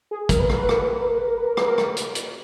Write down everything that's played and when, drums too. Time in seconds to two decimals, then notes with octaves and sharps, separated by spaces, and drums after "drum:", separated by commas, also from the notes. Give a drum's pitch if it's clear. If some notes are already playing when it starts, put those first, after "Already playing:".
0.11 G#4
0.29 A#4, drum: kick, hi-hat
0.40 B4
0.50 A#4, drum: rim click
0.59 B4
0.69 A#4, drum: rim click
0.79 B4
0.88 A#4
0.98 B4
1.08 A#4
1.18 B4
1.28 A#4
1.38 B4
1.47 A#4
1.57 B4, drum: rim click
1.67 A#4
1.78 drum: rim click
1.97 drum: hi-hat
2.15 drum: hi-hat